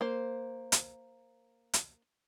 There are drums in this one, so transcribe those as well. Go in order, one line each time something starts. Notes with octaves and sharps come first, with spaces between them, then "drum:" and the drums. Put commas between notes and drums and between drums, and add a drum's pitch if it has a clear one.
A#3 C5
drum: hi-hat
drum: hi-hat